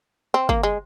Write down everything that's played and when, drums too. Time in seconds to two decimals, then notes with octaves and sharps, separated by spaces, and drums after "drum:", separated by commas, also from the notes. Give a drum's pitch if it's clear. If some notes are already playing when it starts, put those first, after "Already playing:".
0.34 C4
0.49 A#3, drum: kick
0.63 G#3